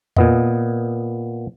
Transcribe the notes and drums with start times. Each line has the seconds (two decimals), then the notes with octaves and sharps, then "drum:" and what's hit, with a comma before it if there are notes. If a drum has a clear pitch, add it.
0.16 A#2 B3 D#5, drum: tom E2